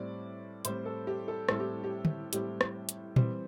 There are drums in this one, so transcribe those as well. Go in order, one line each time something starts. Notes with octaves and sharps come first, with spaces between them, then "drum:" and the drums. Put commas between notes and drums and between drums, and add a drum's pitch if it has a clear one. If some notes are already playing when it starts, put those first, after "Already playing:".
Already playing: A2 G3 C4 D5
A2 G3 C4 C5, drum: hi-hat
A4
G4
A4
A2 G3 C4 A4, drum: rim click
G4
G4
drum: tom
A2 G3 C4 G4, drum: hi-hat
drum: rim click
drum: hi-hat
E3 G3 C4, drum: tom A#2